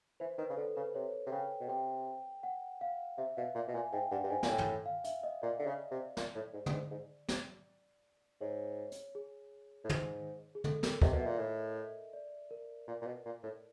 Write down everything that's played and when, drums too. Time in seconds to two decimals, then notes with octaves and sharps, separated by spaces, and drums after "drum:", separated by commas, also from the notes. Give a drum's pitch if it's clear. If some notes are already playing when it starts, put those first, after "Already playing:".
0.20 E3 C5
0.38 D#3 B4
0.50 C#3
0.57 D3 A4
0.76 C#3 B4
0.94 C3 C#5
1.27 C3
1.32 C#3 G5
1.60 B2
1.69 C3 G5
2.43 F#5
2.81 F5
3.18 C3 E5
3.37 B2 F5
3.55 A#2
3.68 B2
3.74 A#2 G#5
3.93 G#2 G5
4.11 G2 F#5
4.24 G2
4.30 G#2 G#5
4.43 A#2, drum: snare
4.48 A2 G5
4.58 drum: tom
4.86 F5
5.04 E5, drum: hi-hat
5.23 D#5
5.42 A#2 D5
5.59 D3
5.66 C#3
5.91 C3
6.17 A#2, drum: snare
6.35 A2
6.53 G#2
6.66 G2, drum: tom
6.73 G#2
6.91 G#2
7.29 G#2, drum: snare
8.41 G#2 C#5
8.92 drum: hi-hat
9.15 G#4
9.84 A2
9.89 G#2, drum: tom
10.55 G#4
10.64 A4, drum: tom
10.83 A#4, drum: snare
11.02 C3 D#5, drum: kick
11.14 B2
11.20 E5
11.26 A#2
11.38 A2
12.13 D5
12.51 A#4
12.87 A#2
13.02 A#2
13.07 B2
13.25 A#2
13.43 A2